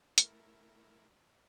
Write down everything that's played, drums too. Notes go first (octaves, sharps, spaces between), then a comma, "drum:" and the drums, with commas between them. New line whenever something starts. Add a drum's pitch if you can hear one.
A3 E4 A#4, drum: hi-hat